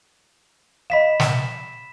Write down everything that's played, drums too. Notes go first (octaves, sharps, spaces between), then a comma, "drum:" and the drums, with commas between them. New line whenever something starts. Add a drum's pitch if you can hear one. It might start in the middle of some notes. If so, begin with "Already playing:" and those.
D#5 F5 B5 B6 E7
drum: snare